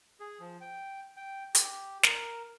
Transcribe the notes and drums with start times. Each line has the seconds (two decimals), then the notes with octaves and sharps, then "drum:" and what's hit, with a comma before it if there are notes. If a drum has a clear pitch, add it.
0.20 G#4
0.40 F3
0.61 G5
1.17 G5
1.55 G4, drum: hi-hat
2.03 A#4, drum: snare